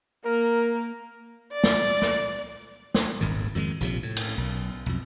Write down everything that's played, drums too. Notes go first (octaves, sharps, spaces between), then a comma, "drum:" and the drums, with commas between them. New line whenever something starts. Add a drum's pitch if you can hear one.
A#3 A#4
D5
drum: snare
drum: snare
drum: snare
D#1 G#1 G#2 D#3
F2 D#3 F3 G#3
A#1 C3 F3, drum: hi-hat
A2
drum: cymbal
B1
B1 F2